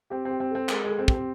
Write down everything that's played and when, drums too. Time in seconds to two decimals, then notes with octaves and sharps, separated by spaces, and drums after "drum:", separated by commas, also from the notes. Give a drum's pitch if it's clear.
0.10 C4 G4
0.25 C4
0.30 G4
0.40 C4
0.50 C4 A4
0.69 G#3 A#4, drum: clap
0.84 G#3
0.89 A4
0.99 C4
1.08 G4, drum: kick
1.14 C4